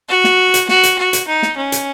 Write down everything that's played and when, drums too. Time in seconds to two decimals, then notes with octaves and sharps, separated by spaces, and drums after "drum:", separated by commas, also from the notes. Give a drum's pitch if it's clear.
0.09 F#4
0.24 drum: snare
0.54 drum: hi-hat
0.69 F#4, drum: snare
0.83 drum: hi-hat
0.98 F#4
1.13 drum: hi-hat
1.28 D#4
1.43 drum: snare
1.57 C#4
1.72 drum: hi-hat